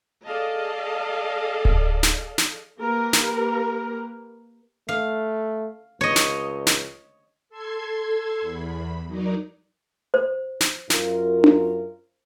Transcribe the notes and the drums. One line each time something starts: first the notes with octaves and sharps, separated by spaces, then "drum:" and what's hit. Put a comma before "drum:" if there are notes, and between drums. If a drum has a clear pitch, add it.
G#4 A4 D5 D#5 F5 A5
drum: kick D1
drum: snare
drum: snare
A#3 G4 A#4 B4
drum: snare
A3 F5
C#2 C#5 D#5
drum: snare
drum: snare
A4 C6 E6 G#6 C7
E2 B5
F#3 D#4 A#4 D5
C5
drum: snare
F#2 F4 A#4, drum: snare
drum: tom D4